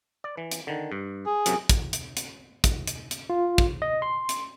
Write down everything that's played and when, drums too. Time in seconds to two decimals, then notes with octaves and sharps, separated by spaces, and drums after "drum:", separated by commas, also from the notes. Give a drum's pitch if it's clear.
0.24 D5
0.37 E3
0.51 drum: hi-hat
0.67 D3 D#3
0.92 G2
1.26 G#4
1.46 F#2 C3 F#3, drum: hi-hat
1.69 drum: kick, hi-hat
1.93 drum: hi-hat
2.17 drum: hi-hat
2.64 drum: kick, hi-hat
2.87 drum: hi-hat
3.11 drum: hi-hat
3.30 F4
3.58 drum: kick
3.82 D#5
4.02 C6
4.29 drum: hi-hat